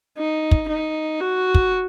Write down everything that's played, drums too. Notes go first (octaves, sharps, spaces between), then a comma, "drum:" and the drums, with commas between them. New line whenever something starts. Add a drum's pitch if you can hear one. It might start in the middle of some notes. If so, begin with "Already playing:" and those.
D#4
drum: kick
D#4
F#4
drum: kick